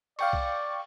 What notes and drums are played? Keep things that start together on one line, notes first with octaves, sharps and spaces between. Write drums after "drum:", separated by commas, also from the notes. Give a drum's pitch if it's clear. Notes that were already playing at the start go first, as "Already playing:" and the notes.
D5 F5 G5 C#6, drum: cymbal
drum: kick C2